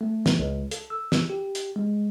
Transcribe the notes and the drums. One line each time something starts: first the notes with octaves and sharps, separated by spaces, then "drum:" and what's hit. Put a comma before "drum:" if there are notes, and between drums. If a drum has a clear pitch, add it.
A3
drum: snare
C#2
A4, drum: hi-hat
E6
drum: snare
G4
drum: hi-hat
G#3